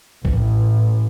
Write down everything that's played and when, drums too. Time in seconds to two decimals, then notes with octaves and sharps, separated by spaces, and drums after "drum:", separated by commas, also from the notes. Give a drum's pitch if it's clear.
0.25 A1, drum: kick A#1